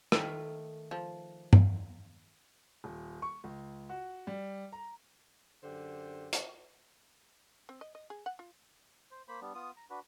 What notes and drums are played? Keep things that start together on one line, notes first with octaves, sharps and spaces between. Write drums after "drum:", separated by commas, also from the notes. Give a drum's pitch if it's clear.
D#3 A3 B4 F5, drum: rim click
F3
drum: tom G2
D#1
C#6
C#2
F#4
G3
A#5
F#2 D3 G4 C5
drum: hi-hat
C4
D#5
D#5
G#4
F#5
F4
C5
A#3 C5 B5
G3 B3 D4
B3 F4 D#6
A#5
D4 F#4 B4